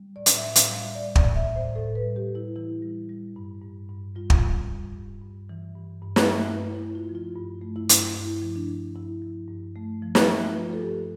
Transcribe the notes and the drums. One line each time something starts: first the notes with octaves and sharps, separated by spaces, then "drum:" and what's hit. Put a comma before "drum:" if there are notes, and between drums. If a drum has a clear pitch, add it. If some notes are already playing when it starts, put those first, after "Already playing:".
Already playing: G3
A2 D5
drum: hi-hat
E5
A2
F5, drum: hi-hat
G3
E5
G3 D5
D5, drum: kick
A2
E5
A2
C5
A2 A4
B4
G3
G4
G3
E4
E3 E4
G3
G3
G2
G2
G2
G3 F4
drum: kick
G3
G3
G2
G2
E3
G2
G2
drum: snare
A3
G2 E4
E4
G2
F4
F3
F4
G2
A3
E4
G2, drum: hi-hat
G2 E4
F3
D4
F3
G2 E4
F3
G2
A3
F3
drum: snare
A3
F3 F4
A4
G2 G4